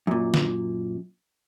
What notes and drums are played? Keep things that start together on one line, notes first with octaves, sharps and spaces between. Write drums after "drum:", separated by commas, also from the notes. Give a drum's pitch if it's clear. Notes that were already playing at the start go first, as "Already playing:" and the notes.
F#2 A#2
drum: snare